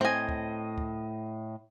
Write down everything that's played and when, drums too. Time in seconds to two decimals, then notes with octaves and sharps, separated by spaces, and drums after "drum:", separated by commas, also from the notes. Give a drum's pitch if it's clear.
0.01 A2 C4 D#5 G#5
0.29 drum: kick C#2
0.78 drum: kick C#2